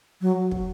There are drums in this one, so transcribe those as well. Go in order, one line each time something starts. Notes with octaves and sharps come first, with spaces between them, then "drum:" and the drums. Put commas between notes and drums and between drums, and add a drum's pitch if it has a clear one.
F#3
drum: kick